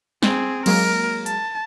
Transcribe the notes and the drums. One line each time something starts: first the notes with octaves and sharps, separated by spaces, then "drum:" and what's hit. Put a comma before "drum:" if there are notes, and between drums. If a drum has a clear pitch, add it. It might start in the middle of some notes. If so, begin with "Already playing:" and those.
C4 G#4, drum: snare
F#3 G#3 A#3 A#4, drum: cymbal
A5, drum: hi-hat